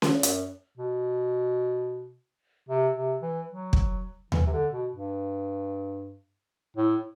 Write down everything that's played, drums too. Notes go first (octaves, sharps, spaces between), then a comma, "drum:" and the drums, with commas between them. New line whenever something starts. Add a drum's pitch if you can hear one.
drum: snare C#4
F#2, drum: hi-hat
B2
C3
C3
E3
F#3
drum: kick
E3, drum: tom D#2
C3
D3
B2
G2
A2